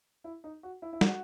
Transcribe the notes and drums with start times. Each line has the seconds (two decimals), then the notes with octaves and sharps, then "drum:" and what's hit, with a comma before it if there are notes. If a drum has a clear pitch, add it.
0.24 E4
0.44 D#4
0.63 F#4
0.82 E4
0.93 E4
1.01 F#4, drum: snare